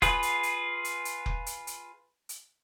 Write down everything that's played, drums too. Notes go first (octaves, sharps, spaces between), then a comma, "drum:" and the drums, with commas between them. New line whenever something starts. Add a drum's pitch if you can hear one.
F4 G#4 B4, drum: kick F1, hi-hat
drum: hi-hat
drum: hi-hat
drum: hi-hat
drum: hi-hat
drum: kick F1
drum: hi-hat
drum: hi-hat
drum: hi-hat